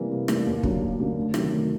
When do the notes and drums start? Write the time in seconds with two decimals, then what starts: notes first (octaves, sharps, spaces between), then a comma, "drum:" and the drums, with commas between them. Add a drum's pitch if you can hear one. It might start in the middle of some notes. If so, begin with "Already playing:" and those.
Already playing: C3 E3 G3 A#3
0.10 C3
0.28 E3 G3 A#3, drum: rim click
0.46 D#2
0.63 D3 F#3 A#3, drum: kick
0.81 D#2
0.99 D3 F#3 A#3
1.17 D2
1.34 C3 D#3 F#3 A3, drum: rim click
1.52 D2